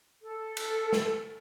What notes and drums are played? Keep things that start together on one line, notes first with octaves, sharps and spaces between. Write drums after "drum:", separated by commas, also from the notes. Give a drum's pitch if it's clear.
A4
drum: cymbal
drum: snare